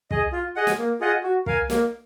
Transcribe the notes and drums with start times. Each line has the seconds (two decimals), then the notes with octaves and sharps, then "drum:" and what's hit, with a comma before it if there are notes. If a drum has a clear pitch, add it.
0.11 G#4 D#5, drum: kick
0.32 F4
0.56 G#4 D#5 F#5
0.67 drum: snare
0.78 A#3
1.01 F4 G#4 D#5 F#5
1.23 F#4
1.46 A#4 F5 G#5, drum: kick
1.70 A#3, drum: snare